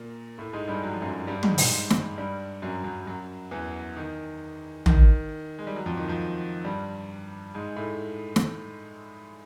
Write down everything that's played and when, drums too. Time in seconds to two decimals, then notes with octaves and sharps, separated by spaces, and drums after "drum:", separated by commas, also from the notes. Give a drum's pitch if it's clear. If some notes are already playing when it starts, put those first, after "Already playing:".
Already playing: A#2 A#3
0.38 A2 A3
0.53 G#2 G#3
0.68 G2 G3
0.83 F#3
0.92 F3
1.02 F#2 F#3
1.27 G2 G3
1.43 G#2 G#3, drum: tom
1.58 G#2 G#3, drum: open hi-hat
1.90 drum: snare
2.18 G2 G3
2.62 F#2 F#3
2.84 F#2 F#3
3.06 F#2 F#3
3.51 E2 E3
3.97 D#3
4.86 D#3, drum: tom
5.59 G#3
5.67 G3
5.76 F#3
5.86 F2 F3
5.97 D#3
6.08 F2 F3
6.65 G2 G3
7.54 G#2 G#3
7.76 A2 A3
8.36 drum: snare